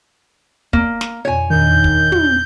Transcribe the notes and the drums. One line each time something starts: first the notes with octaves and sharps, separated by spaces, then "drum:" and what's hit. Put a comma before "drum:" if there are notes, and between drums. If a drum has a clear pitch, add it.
A#3, drum: kick
drum: snare
F2 B2 F4 C#5 G#5
E2 A#2 D#3 D4 G6
drum: kick
drum: tom